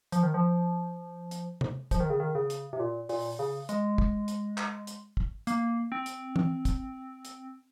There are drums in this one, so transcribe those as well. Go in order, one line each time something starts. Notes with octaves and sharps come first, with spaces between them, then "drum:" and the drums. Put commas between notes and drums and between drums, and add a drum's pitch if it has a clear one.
F3, drum: hi-hat
D#3
F3
drum: hi-hat
drum: tom C3
F3, drum: kick, hi-hat
D#3
C#3
D#3
C#3
drum: hi-hat
C3
A#2
A#2, drum: open hi-hat
C#3
G#3, drum: hi-hat
drum: kick
drum: hi-hat
drum: clap
drum: hi-hat
drum: kick
A#3, drum: hi-hat
C4
drum: hi-hat
drum: tom E3
drum: kick, hi-hat
drum: hi-hat